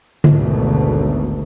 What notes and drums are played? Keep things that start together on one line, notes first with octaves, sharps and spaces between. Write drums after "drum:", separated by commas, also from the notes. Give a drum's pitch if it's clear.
G#1 D2 B2 A3, drum: tom D3